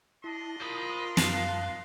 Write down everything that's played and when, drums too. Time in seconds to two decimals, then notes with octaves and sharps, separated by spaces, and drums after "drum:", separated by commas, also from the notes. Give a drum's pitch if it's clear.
0.24 D4 E4 D#5 A5 C6
0.61 F4 A#4 C5 B5 D#6
1.17 F#2 F5 A5 F#6, drum: snare